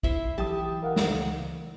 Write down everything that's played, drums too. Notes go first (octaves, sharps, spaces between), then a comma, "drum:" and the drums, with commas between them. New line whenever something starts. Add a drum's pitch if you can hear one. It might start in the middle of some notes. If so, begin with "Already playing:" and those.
E4 E5 C6, drum: kick
E3 F#3 G4 G5 A5 D#6
A#4 F5 F#5
drum: snare
C#2